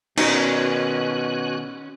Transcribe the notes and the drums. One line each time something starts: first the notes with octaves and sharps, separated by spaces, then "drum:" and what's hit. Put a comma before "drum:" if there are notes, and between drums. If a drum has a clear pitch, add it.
B2 D#3 C#4 D#4 F#4 G#5 F#6, drum: cymbal